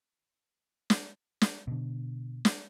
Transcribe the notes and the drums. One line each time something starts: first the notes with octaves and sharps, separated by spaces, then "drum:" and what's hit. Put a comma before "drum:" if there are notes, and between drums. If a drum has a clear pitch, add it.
drum: snare
drum: snare
B2 D3
drum: snare